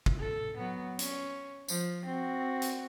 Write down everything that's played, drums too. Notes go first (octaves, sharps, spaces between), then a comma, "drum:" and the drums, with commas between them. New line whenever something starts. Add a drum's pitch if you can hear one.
drum: kick
A4
F#3 B3
C#4, drum: hi-hat
F3, drum: tambourine
C4 F#4
drum: hi-hat